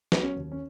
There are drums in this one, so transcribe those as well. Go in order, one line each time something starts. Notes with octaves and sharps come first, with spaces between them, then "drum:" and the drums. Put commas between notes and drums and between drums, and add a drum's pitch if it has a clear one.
F#3 B3, drum: snare
C#4
D#2
C#4